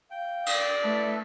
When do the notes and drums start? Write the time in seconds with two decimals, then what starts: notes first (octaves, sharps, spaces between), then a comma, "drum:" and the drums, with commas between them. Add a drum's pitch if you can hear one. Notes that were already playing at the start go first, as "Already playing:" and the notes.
0.11 F5 G5
0.46 D5, drum: cymbal
0.83 A3 E4 A4 B4 E5